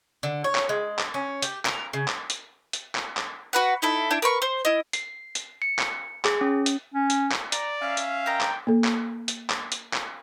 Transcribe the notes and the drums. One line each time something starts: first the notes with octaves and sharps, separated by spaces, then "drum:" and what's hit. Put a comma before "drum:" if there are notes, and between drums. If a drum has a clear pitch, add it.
D3
C#5
drum: clap
G#3
drum: clap
C#4
G4, drum: hi-hat
A#4, drum: clap
C#3
drum: clap
drum: hi-hat
drum: hi-hat
drum: clap
drum: clap
F#4 B4 F#5
D#4 E4 A4
D4 E4 G6
A#4 B4 C#6
C5
E4 D#5
C7, drum: hi-hat
drum: hi-hat
C#7
drum: clap
G#4, drum: clap
C#4
drum: hi-hat
C#4
drum: hi-hat
drum: clap
D5 A#5, drum: hi-hat
C#4 E5 F5
drum: hi-hat
A#4 D#5 G5 A#5
drum: clap
A#3 A4
drum: clap
drum: hi-hat
drum: clap
drum: hi-hat
drum: clap